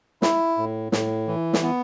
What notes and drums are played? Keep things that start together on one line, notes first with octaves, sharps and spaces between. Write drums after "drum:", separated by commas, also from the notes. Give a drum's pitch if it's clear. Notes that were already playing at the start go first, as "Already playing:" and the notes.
E4, drum: snare
A2
A2, drum: snare
E3
drum: snare
B3